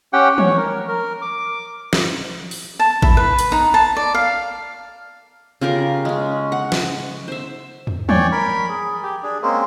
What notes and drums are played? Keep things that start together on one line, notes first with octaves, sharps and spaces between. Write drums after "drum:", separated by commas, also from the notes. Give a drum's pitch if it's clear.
C#4 G4 F#5 G5
C#5, drum: tom E3
A#4
A#4
D6
drum: snare
drum: open hi-hat
A5
E4, drum: kick A1
B4
drum: hi-hat
D#4
A5
D5
F5
C#3 F4 G4 A#4
G#3 C#4
F#5
drum: snare
C5 E5
drum: tom
C#5 D5 G5 G#5, drum: tom E3
A#4 B5
G#4
G4
D4 G#4
G#3 A#3 C4 C#4